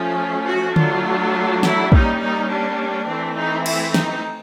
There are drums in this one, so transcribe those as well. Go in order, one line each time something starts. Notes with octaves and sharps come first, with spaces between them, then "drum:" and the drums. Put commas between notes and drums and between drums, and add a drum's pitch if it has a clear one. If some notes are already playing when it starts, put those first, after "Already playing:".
Already playing: F3 A3 C#4
F#4
F#3 A3 D4 F4, drum: tom D3
E4, drum: snare
G3 A#3 C#4 D#4, drum: kick
D#4
D4
E3 A3 C4
D#4
E4, drum: cymbal
D#4, drum: snare